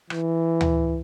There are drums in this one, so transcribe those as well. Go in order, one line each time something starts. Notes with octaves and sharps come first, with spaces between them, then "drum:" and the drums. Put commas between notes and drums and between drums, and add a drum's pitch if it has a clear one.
E3, drum: rim click
drum: tom D2